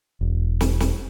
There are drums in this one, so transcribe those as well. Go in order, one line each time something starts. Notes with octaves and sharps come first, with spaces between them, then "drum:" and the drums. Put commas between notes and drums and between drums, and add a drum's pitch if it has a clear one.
E1
drum: snare
drum: snare